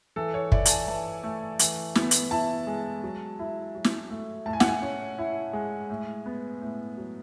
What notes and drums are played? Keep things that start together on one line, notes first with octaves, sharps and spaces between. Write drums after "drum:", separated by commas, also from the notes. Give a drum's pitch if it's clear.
E3 A4
C#5
E4 D5, drum: kick
A5, drum: hi-hat
G#5
E3 A5
A3
E3, drum: hi-hat
B3, drum: snare
drum: hi-hat
E4 A5
G#3
F#3
E4
F#3
drum: snare
A3
A2 A5
G#5
F#5, drum: snare
G#5
C#4
E4
G#3
A2
B3
A2
F#3